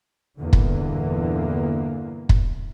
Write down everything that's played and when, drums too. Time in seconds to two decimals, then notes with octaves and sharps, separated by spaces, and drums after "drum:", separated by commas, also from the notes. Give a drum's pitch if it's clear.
0.38 E2 G2 A#2 D3 E3 A#3
0.53 drum: kick
2.29 drum: kick